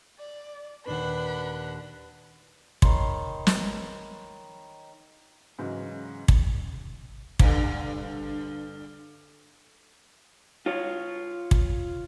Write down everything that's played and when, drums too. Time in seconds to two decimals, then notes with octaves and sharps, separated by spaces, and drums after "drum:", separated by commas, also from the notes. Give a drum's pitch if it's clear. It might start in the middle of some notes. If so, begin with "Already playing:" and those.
0.19 D5
0.86 D#2 A#2 D4 B4 F#5 B5 C6
2.82 D#3 C#5 B5 C6, drum: kick
3.47 drum: snare
5.58 G#2 C#3 E3 F#3
6.28 drum: kick
7.39 G2 D3, drum: kick
10.66 F4 C#5
11.51 drum: kick